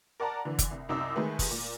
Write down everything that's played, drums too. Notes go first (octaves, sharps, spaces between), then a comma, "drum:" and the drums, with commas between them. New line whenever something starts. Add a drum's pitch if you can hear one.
A#4 D5 F#5 A5 A#5
D3 E3
drum: kick, hi-hat
C2
C2 F#2 D#4 D6 E6
D#3 G#3 A3 G#4 B4
drum: kick, open hi-hat
A#2